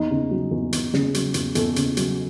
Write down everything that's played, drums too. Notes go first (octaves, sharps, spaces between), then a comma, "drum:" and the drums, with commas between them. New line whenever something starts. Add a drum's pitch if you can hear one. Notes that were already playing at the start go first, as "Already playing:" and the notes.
Already playing: E2 D#4
C#3
F#3
E2
E2, drum: hi-hat
C#3, drum: snare
F#3, drum: hi-hat
E2, drum: hi-hat
E2 A4, drum: hi-hat
C#3, drum: hi-hat
F#3, drum: hi-hat